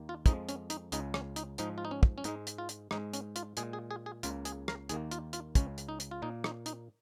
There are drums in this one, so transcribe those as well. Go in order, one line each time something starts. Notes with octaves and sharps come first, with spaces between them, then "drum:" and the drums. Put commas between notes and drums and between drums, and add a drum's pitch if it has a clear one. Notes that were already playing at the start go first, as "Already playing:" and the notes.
Already playing: D#2 D#3 A#3
F4
F2 F3 G#3 D#4, drum: kick, hi-hat
C#4, drum: hi-hat
D#4, drum: hi-hat
C#2 C#3 G#3 D#4, drum: hi-hat
C#4, drum: rim click
D#4, drum: hi-hat
G#2 F3 G#3 D#4, drum: hi-hat
F4
D#4
C#4
drum: kick
C#4
G#2 G#3 D#4, drum: hi-hat
drum: hi-hat
F4
drum: hi-hat
G#2 G#3 D#4, drum: rim click
C#4, drum: hi-hat
F4, drum: hi-hat
A#2 G#3 G#4, drum: hi-hat
G#4
G#4
G#4
C#2 C#3 A#3 F4, drum: hi-hat
G#4, drum: hi-hat
A#4, drum: rim click
D#2 D#3 A#3 G#4, drum: hi-hat
F4, drum: hi-hat
F4, drum: hi-hat
C#2 C#3 G#3 C#4, drum: kick, hi-hat
drum: hi-hat
D#4
drum: hi-hat
F4
A#2 A#3 D#4
D#4, drum: rim click
D#4, drum: hi-hat